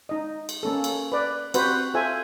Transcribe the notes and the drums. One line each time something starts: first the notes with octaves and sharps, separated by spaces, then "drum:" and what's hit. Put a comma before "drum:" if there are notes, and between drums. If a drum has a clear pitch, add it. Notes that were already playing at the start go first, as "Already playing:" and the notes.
D#4 D#5
drum: cymbal
A#3 C#4 A4
drum: cymbal
B4 D5
C4 F#4 G4 B4 C5, drum: cymbal
F4 A4 C5 E5 G#5